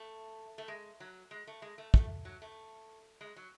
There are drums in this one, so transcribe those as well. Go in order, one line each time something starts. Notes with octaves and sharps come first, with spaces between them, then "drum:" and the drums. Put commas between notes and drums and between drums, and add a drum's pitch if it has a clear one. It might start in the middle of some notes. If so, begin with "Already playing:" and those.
Already playing: A3
A3
G#3
F#3
G#3
A3
G#3
A3
A3, drum: kick
F#3
A3
G#3
F#3